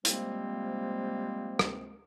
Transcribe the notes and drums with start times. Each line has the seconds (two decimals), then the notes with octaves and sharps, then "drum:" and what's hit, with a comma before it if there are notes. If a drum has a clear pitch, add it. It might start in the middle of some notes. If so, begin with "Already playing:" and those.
0.05 C3 F3 G3 G#3 A#3 C4, drum: hi-hat
1.59 drum: rim click